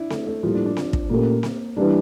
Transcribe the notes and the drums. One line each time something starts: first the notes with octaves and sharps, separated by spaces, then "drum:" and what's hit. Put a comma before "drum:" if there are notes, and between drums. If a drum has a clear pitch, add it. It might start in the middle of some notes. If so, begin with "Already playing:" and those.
Already playing: D4 E4
A3, drum: snare C4
A3
A2 F3 G3 A#3 E4 A4
D4
D4
drum: snare C4
drum: kick
A#2 A3 A#3 C#4 G4 A#4
drum: snare C4
E3 G3 A#3 D4